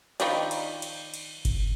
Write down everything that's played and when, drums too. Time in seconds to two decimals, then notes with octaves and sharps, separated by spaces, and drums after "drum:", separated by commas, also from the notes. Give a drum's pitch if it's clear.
0.20 D#3 F3 D4 D#4 B4 G5, drum: cymbal
0.51 drum: cymbal
0.82 drum: cymbal
1.14 drum: cymbal
1.45 drum: kick G1, cymbal